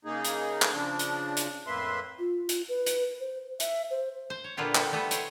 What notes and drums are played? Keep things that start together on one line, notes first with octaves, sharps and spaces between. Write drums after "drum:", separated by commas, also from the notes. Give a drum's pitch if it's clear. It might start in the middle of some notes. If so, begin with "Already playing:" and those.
C#3 A#3 D#4 G#4
drum: hi-hat
drum: clap
C#3 F3 D4
drum: hi-hat
drum: hi-hat
F2 A2 A#3 B4 E5 C6
F4
drum: hi-hat
B4
drum: hi-hat
C5
E5, drum: hi-hat
C5
C5
C#5
A#2 D3 B3 E4 F4 G4
G3 A4, drum: clap
G3 A3 B3 A4
C5 C#5 G5 G#5, drum: hi-hat